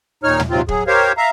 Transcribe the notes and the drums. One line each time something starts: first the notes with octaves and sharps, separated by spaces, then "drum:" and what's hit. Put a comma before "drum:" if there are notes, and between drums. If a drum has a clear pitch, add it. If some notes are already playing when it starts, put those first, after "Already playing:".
D#2 A#2 D#4 C#5 F6
drum: tom
G#2 C3 F#3 C4 F4
F#3 G#4, drum: kick
G4 A#4 C5 C#5 F5
E5 F5 A#5